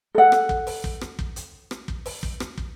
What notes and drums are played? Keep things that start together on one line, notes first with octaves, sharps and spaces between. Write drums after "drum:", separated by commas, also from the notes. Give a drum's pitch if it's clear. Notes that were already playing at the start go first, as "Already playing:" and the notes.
A4 F#5
drum: rim click
drum: kick
drum: open hi-hat
drum: kick
drum: rim click
drum: kick
drum: hi-hat
drum: rim click
drum: kick
drum: open hi-hat
drum: kick
drum: rim click
drum: kick